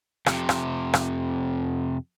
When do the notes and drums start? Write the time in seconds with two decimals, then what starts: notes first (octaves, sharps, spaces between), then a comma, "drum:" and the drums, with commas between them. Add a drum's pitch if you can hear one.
0.26 F2 C3, drum: rim click
0.49 drum: rim click
0.94 drum: rim click